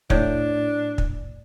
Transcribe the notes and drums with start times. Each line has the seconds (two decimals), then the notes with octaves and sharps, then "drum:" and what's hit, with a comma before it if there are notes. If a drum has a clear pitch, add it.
0.10 A2 D4, drum: kick
0.98 drum: kick